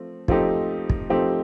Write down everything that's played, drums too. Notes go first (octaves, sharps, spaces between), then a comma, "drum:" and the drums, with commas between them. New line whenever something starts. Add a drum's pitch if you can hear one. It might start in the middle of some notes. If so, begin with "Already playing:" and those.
Already playing: F3 A3 C4
F3 A3 C4 D#4 G4, drum: kick
drum: kick
F3 A3 C4 D#4 G4